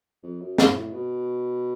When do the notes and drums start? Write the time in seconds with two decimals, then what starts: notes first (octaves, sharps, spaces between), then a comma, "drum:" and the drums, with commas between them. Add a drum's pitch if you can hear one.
0.23 F2
0.41 F#2
0.58 G#2, drum: snare
0.76 A2
0.93 B2